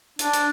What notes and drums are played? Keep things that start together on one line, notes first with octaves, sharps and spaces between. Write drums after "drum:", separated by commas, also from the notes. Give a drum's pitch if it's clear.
D4, drum: hi-hat
drum: hi-hat